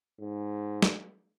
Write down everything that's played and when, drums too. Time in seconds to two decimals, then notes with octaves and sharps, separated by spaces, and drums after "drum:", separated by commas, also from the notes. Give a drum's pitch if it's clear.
0.20 G#2
0.82 drum: snare